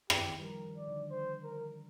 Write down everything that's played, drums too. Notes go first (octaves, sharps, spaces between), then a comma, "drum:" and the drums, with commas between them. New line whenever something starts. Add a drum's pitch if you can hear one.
D#3 G4, drum: rim click
D#3
G3
F3 A#4
D#3
D5
D3
C5
A#4